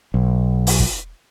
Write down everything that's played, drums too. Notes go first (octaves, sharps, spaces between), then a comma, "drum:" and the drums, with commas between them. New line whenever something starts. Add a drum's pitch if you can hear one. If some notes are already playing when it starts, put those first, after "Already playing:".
B1
drum: open hi-hat
drum: kick